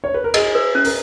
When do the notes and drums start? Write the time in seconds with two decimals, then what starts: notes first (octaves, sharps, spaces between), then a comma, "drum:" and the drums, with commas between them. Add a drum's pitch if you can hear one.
0.04 C#5
0.14 B4
0.24 A#4
0.34 G#4 D#5, drum: cymbal
0.55 B4
0.75 C#4
0.85 A#4, drum: open hi-hat